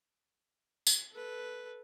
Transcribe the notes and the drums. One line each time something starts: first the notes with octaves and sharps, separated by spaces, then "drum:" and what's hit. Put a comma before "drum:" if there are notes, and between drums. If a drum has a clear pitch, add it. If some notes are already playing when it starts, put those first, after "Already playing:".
drum: tambourine
A4 B4